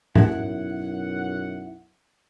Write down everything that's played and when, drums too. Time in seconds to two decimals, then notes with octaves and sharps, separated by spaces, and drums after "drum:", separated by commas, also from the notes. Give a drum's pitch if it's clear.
0.15 B1 F#2 E4 F#5, drum: tom G#2